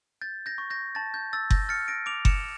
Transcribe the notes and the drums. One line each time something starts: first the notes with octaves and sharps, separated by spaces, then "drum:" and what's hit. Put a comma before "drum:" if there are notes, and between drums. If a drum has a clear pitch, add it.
G6 A6
G6 A#6
C#6
G6 A#6
A5 A6
G6
E6 A6
G6 A#6, drum: kick F#1
F6 A6 C#7
A#6 D7
D6 D7 F7
C#7 E7, drum: kick F#1